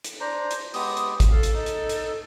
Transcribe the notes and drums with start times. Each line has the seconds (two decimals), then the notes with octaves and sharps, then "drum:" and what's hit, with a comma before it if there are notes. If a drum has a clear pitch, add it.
0.04 drum: hi-hat
0.20 D4 C5 A#5
0.51 drum: hi-hat
0.74 G#3 B3 G4 D#6, drum: open hi-hat
0.97 drum: hi-hat
1.20 drum: kick A1, hi-hat
1.31 A4 F5
1.43 drum: hi-hat
1.54 D#4
1.66 drum: hi-hat
1.89 drum: hi-hat